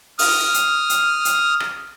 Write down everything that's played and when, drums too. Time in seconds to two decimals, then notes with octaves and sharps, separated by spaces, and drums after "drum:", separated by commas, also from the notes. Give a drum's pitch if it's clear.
0.19 D#6 F6, drum: open hi-hat
0.54 drum: hi-hat
0.90 drum: hi-hat
1.25 drum: hi-hat
1.60 drum: rim click